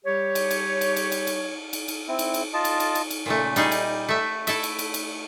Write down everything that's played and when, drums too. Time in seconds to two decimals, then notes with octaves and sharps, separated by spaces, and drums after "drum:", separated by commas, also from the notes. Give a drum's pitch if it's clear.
0.05 G3 G4 C#5
0.35 drum: cymbal
0.51 drum: cymbal
0.81 drum: cymbal
0.96 drum: cymbal
1.12 drum: cymbal
1.27 drum: cymbal
1.73 drum: cymbal
1.88 drum: cymbal
2.08 C4 E4
2.19 drum: cymbal
2.34 drum: cymbal
2.53 F4 D#5 A5
2.65 drum: cymbal
2.80 drum: cymbal
2.95 drum: cymbal
3.10 drum: cymbal
3.26 A#2 C#3 A3
3.56 G3 D#4 G#4, drum: cymbal
3.72 drum: cymbal
4.09 A3 E5
4.47 E4 A4 E5, drum: cymbal
4.63 drum: cymbal
4.79 drum: cymbal
4.94 drum: cymbal